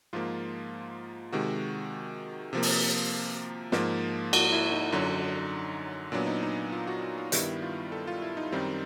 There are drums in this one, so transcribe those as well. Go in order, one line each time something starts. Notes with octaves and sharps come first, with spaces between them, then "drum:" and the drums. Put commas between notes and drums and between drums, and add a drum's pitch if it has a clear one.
G#2 F3 A#3 F4
C3 D#3 G#3 F#4
C3 F3 A#3
drum: open hi-hat
G#2 F3 A#3, drum: snare
F#4, drum: cymbal
E4
D#4
F#2 D3 F#3
A#2 F#3 B3 D4
D#4
D#4
F4
F#4
F4
G2 D#3 G3 B3 E4, drum: hi-hat
F4
A4
F4
E4
D#4
F#2 D#3 G3 C4